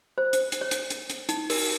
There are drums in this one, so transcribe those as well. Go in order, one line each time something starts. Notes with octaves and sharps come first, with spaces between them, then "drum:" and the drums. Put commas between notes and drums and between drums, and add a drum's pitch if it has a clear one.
C5
drum: hi-hat
drum: hi-hat
C#5
drum: hi-hat
drum: hi-hat
drum: hi-hat
D#4, drum: hi-hat
A#4, drum: open hi-hat